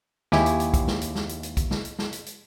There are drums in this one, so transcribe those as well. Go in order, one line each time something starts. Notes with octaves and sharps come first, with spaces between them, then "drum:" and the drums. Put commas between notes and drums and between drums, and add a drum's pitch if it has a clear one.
D#2 E4 G4 G#5, drum: snare
drum: hi-hat
drum: hi-hat
drum: kick B1, hi-hat
drum: snare
drum: hi-hat
drum: snare
drum: hi-hat
drum: hi-hat
drum: kick B1, hi-hat
drum: snare
drum: hi-hat
drum: snare
drum: hi-hat
drum: hi-hat